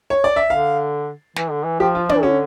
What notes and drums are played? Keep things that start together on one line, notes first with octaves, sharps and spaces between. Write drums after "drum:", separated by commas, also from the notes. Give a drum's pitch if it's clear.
C#5
D5
E5
D3 F5
E3, drum: snare
D3
E3
F3 G4
F4
D4, drum: tom
E3
D3 C#4